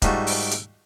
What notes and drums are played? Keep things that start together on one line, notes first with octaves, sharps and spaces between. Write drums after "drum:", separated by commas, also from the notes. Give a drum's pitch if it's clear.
G#2 G3 A3 F4 F#4, drum: kick, hi-hat
drum: open hi-hat
drum: hi-hat